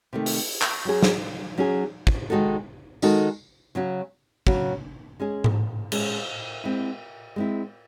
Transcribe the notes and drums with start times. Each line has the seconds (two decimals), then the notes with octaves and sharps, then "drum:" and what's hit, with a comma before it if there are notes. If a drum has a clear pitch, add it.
0.13 C3 D#3 A3
0.26 drum: open hi-hat
0.61 drum: clap
0.85 F#3 C#4 G#4
1.03 drum: snare
1.58 F#3 C#4 G#4
2.07 drum: kick
2.30 D#3 G#3 D#4 F#4 A4
3.02 D#3 G#3 D#4 F#4 A4, drum: tambourine
3.75 C#3 F#3 C#4 F#4
4.47 C#3 F#3 C#4 F#4, drum: kick
5.20 G#3 C#4 G#4
5.44 drum: tom G#2
5.92 G#3 C#4 G#4, drum: cymbal
6.64 G#3 C4 E4
7.36 G#3 C4 E4